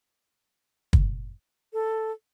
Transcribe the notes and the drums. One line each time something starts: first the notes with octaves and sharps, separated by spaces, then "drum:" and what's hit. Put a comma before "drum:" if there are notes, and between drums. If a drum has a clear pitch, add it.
drum: kick
A4